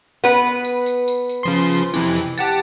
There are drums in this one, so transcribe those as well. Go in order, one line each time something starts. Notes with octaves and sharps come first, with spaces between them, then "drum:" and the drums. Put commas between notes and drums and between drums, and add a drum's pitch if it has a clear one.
B3 B4
drum: tambourine
drum: tambourine
drum: tambourine
drum: tambourine
C#3 F3 C6
drum: tambourine
F2 C3 E3, drum: tambourine
drum: tambourine
G4 F#5 A5, drum: tambourine